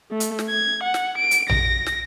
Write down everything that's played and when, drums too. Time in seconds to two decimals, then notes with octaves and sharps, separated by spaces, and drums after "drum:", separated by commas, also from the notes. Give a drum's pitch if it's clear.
0.11 A3
0.20 drum: hi-hat
0.39 drum: snare
0.49 G#6
0.84 F#5
0.94 drum: snare
1.18 D7
1.31 drum: hi-hat
1.49 A#6, drum: tom A#1
1.86 drum: snare